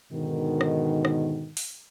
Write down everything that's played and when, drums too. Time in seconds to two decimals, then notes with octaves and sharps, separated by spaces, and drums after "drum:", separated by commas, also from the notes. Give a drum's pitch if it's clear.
0.12 G#2 B2 D3 D#3
0.61 drum: rim click
1.05 drum: rim click
1.57 drum: open hi-hat